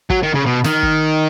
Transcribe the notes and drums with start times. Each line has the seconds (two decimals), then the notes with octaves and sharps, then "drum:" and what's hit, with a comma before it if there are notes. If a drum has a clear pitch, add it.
0.10 F#3, drum: kick
0.23 D#3
0.34 C#3
0.46 B2
0.64 D#3, drum: snare
0.83 drum: kick